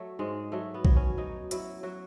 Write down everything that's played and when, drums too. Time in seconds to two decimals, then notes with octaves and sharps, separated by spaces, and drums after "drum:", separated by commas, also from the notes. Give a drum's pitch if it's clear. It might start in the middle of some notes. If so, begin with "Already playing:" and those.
Already playing: F#3 A3
0.19 G#2 G#3
0.52 F#3 A3
0.74 B3
0.85 F#3, drum: kick
0.96 C#4
1.17 F#3 D#4
1.51 F#3 E4, drum: hi-hat
1.83 F#3 F#4